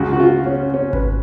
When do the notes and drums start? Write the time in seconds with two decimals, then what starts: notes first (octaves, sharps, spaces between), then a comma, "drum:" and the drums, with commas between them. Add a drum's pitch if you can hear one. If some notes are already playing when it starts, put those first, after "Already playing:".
Already playing: C#2 C#3 F#4
0.13 F#4
0.20 F4
0.46 C#4
0.74 C#4
0.93 B4, drum: kick G#1